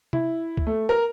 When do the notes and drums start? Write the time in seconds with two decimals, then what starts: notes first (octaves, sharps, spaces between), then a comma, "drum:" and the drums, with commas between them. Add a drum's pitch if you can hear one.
0.13 E4, drum: tom C3
0.57 drum: kick C#2
0.67 A3
0.89 A#4